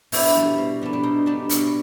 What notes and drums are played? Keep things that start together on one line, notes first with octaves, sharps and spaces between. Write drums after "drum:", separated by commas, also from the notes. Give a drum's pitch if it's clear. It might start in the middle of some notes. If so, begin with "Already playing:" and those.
B2 D4 E4, drum: open hi-hat
G3 B3 D4
B2
G3 B3 D4
D4
B2 D#4
G3 B3 D4
B2, drum: hi-hat